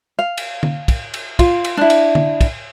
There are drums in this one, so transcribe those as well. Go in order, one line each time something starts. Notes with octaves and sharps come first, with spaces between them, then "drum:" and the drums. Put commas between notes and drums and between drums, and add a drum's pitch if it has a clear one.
F5
drum: cymbal
drum: tom D3
drum: kick, cymbal
drum: cymbal
F4, drum: kick, cymbal
drum: cymbal
D4 E4
drum: cymbal
drum: tom D3
drum: kick, cymbal